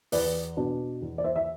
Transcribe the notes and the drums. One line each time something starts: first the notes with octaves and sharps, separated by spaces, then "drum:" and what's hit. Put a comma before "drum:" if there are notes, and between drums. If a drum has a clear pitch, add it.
E2 B4 D5, drum: open hi-hat
B2 B3 D4
E2
D5
C5 E5
E5